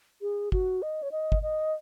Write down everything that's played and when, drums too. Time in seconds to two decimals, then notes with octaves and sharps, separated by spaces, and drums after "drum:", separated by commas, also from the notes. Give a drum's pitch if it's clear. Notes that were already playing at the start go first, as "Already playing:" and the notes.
0.21 G#4
0.52 F#4, drum: kick G1
0.82 D#5
1.02 C#5
1.12 D#5
1.32 drum: kick G1
1.42 D#5